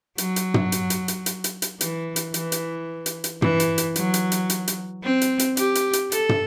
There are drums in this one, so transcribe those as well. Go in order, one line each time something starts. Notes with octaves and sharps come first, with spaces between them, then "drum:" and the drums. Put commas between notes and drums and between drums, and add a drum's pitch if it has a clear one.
F#3, drum: hi-hat
drum: hi-hat
drum: tom
drum: hi-hat
drum: hi-hat
drum: hi-hat
drum: hi-hat
drum: hi-hat
drum: hi-hat
E3, drum: hi-hat
drum: hi-hat
E3, drum: hi-hat
drum: hi-hat
drum: hi-hat
drum: hi-hat
E3, drum: tom
drum: hi-hat
drum: hi-hat
F#3, drum: hi-hat
drum: hi-hat
drum: hi-hat
drum: hi-hat
drum: hi-hat
C4
drum: hi-hat
drum: hi-hat
G4, drum: hi-hat
drum: hi-hat
drum: hi-hat
A4, drum: hi-hat
drum: tom